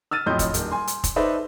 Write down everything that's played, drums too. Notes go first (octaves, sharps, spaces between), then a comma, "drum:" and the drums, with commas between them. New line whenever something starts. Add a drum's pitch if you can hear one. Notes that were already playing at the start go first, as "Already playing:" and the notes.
E6 F6 A6 D#7
F2 A2 F#3 D#5 C6 G6
drum: kick, hi-hat
D#1, drum: hi-hat
G#5 C6
drum: hi-hat
drum: kick, hi-hat
D#4 A4 B4 C5 D5 E5